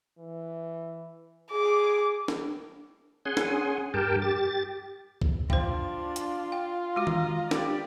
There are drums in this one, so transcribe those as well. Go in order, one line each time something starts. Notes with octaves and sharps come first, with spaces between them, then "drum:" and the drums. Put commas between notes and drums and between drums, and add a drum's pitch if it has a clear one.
E3
G#4 D6
drum: snare
C#4 G#4 F#5 G#5 C6
drum: snare
G2 G4 A#4 G5 A5
G4 A6
drum: kick
D4 F4 C5 G5, drum: kick
drum: hi-hat
G5
G#3 F#4 D#5 A#5
drum: tom D#3
G4 D5, drum: snare